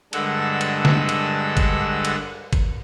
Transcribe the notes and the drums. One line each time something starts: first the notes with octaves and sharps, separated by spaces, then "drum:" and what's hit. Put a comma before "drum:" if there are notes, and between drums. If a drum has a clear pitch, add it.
G2 D3 G#3 A4 F#5 E6, drum: cymbal
drum: cymbal
drum: snare D3
drum: cymbal
drum: kick, cymbal
drum: cymbal
drum: kick, cymbal